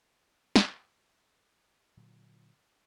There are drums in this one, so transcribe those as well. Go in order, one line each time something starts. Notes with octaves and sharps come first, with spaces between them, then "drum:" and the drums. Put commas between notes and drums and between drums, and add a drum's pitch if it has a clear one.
drum: snare
A#2 D3 F#3